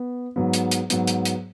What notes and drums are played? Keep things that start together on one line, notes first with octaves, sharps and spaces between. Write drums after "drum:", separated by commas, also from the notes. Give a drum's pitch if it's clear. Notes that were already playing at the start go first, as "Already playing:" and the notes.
Already playing: B3
G#2 F#3 B3
drum: hi-hat
drum: hi-hat
G#2 F#3 B3, drum: hi-hat
drum: hi-hat
drum: hi-hat